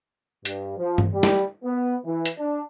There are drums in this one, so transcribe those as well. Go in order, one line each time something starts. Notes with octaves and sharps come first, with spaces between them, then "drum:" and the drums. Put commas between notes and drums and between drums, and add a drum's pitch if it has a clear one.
G2, drum: hi-hat
F3
drum: tom
G3
drum: snare
B3
E3
drum: hi-hat
D4